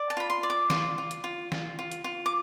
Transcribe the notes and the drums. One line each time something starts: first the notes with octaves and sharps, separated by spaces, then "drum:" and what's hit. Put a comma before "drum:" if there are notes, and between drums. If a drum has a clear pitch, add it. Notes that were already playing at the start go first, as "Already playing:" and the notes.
Already playing: D5
A5
F4 B5
C6
D5
D6
F4 C6, drum: snare
F4
drum: hi-hat
F4
F4, drum: snare
F4
drum: hi-hat
F4
D6